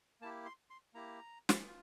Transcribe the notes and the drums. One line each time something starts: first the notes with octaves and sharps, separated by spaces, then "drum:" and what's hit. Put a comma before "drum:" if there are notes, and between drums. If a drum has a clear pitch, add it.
A#3 E4 G4 A5
C6
C6
A#3 E4 G4 A#5
drum: snare
F4